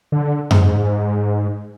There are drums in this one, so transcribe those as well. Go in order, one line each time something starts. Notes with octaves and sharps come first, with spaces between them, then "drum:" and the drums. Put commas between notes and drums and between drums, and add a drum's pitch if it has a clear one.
D3
G#2, drum: tom F#2